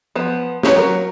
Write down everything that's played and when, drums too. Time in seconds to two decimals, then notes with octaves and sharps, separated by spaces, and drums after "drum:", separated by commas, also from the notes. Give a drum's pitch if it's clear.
0.15 F3 B3
0.63 C#4 G4 G#4 B4 C#5, drum: snare
0.76 F#3 A#4